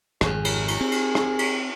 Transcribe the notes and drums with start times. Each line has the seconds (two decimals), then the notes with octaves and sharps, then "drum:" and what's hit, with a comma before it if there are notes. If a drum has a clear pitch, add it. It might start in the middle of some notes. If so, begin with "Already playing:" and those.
0.21 G#1 F2 G#4, drum: rim click
0.45 drum: cymbal
0.68 drum: cymbal
0.81 C4 G#4
0.92 drum: cymbal
1.15 drum: rim click
1.39 drum: cymbal